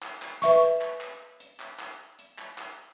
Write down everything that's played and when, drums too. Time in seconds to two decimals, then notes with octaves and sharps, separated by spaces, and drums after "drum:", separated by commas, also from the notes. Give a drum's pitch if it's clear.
0.03 drum: clap
0.22 drum: clap
0.42 B4 E5 C#6
0.62 drum: hi-hat
0.81 drum: clap
1.01 drum: clap
1.40 drum: hi-hat
1.60 drum: clap
1.80 drum: clap
2.19 drum: hi-hat
2.39 drum: clap
2.58 drum: clap